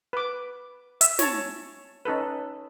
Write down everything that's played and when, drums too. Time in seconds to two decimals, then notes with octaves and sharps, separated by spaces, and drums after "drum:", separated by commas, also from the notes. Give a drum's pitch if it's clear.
0.13 B4 D6
1.01 E5, drum: hi-hat
1.19 C#5 A5, drum: snare
2.05 C#4 D#4 A4 B4